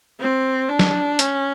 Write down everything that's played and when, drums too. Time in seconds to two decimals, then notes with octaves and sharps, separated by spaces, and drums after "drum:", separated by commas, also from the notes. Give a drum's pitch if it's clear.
0.20 C4
0.69 D4
0.79 drum: snare
1.19 C#4, drum: hi-hat